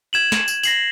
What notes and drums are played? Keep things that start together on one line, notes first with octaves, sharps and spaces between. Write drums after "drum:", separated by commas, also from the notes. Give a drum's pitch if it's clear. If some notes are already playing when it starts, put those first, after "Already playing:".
G#6 E7 F#7
drum: snare
drum: tambourine
A#6 C7 F#7, drum: tambourine